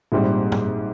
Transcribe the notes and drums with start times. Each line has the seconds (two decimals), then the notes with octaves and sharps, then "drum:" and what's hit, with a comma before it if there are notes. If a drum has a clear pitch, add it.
0.12 A#1 G#2 G3 C4
0.52 drum: tom G#2